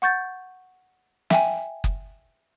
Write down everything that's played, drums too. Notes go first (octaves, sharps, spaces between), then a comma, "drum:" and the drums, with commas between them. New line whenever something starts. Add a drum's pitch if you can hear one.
F#5 C#6 G6 A6
E5 G5 G#5, drum: snare
drum: kick F#1